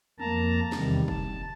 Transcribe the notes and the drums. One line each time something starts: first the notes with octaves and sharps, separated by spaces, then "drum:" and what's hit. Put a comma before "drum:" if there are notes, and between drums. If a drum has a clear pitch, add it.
F2 A#3 A5 A#5, drum: tom
E2 C3 D#3 G3, drum: snare
A5, drum: kick